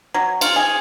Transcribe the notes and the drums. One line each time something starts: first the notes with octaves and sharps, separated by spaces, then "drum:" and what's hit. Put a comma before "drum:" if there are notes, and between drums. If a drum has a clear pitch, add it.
F#3
F4, drum: cymbal
G#4